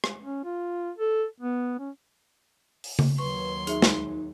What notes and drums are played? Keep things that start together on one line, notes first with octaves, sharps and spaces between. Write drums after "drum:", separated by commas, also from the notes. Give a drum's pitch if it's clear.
drum: rim click
C#4
F4
A4
B3
C#4
drum: open hi-hat
drum: tom C#3
D#2 F#3 B4 C6 C#6
D#4 G#4 E5, drum: hi-hat
drum: snare